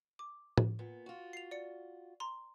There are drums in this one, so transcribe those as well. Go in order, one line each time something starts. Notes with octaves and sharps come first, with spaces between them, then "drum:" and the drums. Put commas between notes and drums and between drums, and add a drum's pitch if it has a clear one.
D6
drum: tom
A#2 B3
F4 F#4
C7 F7
D5 C#7
A#5 C6